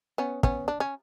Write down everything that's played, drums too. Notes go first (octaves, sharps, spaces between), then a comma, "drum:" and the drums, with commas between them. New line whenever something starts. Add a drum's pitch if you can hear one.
B3 C#4
B3 C#4, drum: kick
D4
C#4